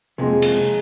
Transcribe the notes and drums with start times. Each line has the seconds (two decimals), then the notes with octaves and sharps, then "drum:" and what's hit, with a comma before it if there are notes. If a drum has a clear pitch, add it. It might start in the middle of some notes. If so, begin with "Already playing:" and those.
0.18 F2 C3 F3 G#3 A#3
0.42 drum: cymbal